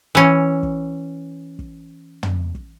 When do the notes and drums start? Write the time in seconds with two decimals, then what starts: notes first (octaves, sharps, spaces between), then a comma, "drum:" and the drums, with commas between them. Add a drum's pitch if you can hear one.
0.15 E3 C#4
0.63 drum: kick
1.59 drum: kick
2.23 drum: tom
2.55 drum: kick